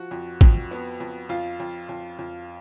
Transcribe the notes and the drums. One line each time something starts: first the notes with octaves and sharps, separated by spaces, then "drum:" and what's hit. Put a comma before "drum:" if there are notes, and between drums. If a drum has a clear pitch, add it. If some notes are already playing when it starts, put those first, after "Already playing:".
Already playing: F3 F#4
F2
F2, drum: kick
B3
F2
F2 F4
F2
F2
F2